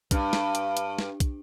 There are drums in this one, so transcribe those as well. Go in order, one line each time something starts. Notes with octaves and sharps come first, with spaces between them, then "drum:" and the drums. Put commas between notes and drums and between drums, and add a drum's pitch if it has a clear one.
G2, drum: kick, hi-hat
drum: snare
drum: hi-hat
drum: hi-hat
drum: snare
drum: kick, hi-hat